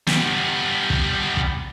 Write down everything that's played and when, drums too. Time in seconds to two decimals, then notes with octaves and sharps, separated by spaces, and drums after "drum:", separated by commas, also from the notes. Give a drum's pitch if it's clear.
0.07 G3 B3, drum: snare
0.90 drum: kick
1.37 drum: kick